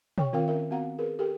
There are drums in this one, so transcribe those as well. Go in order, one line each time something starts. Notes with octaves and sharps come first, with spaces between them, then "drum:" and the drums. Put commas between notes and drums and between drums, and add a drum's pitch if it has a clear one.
C#5 G5 C#6, drum: tom
D#3 C4 F4 A#4 F5 G5
C#4 A#4 E5
B3 C4 F#4 F5 F#5 A#5
G#4 A#4 B4
G4 A4 A#4 G5